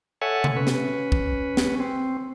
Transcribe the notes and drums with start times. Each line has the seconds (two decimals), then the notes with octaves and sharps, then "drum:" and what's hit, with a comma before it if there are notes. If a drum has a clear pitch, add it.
0.22 A4 C#5 E5 F#5 G#5
0.44 drum: tom C3
0.57 C#4 B4
0.67 drum: snare
1.12 drum: kick
1.57 drum: snare
1.80 C4